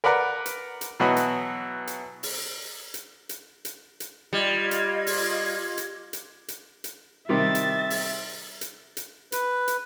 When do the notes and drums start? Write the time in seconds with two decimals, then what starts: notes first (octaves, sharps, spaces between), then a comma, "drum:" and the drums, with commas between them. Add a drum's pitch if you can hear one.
0.04 A#4 B4 D5 F#5 A#5
0.46 drum: hi-hat
0.81 drum: hi-hat
1.00 B2 E3 F#3 F#4 D#5 B5
1.16 drum: hi-hat
1.87 drum: hi-hat
2.23 drum: open hi-hat
2.94 drum: hi-hat
3.29 drum: hi-hat
3.65 drum: hi-hat
4.00 drum: hi-hat
4.33 G3 F4 D#5 G#6
4.71 drum: hi-hat
5.07 drum: open hi-hat
5.77 drum: hi-hat
6.13 drum: hi-hat
6.48 drum: hi-hat
6.84 drum: hi-hat
7.29 C3 D#3 G3 E5 A6
7.55 drum: hi-hat
7.90 drum: open hi-hat
8.61 drum: hi-hat
8.97 drum: hi-hat
9.32 B4, drum: hi-hat
9.68 drum: hi-hat